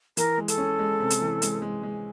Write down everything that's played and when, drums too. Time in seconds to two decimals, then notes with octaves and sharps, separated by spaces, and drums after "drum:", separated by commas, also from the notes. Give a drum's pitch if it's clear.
0.17 E3 A#4, drum: hi-hat
0.38 G#3
0.48 A4, drum: hi-hat
0.58 C#4
0.79 G#3
1.00 C3
1.10 drum: hi-hat
1.21 E3
1.42 G#3, drum: hi-hat
1.62 G#3
1.83 G#3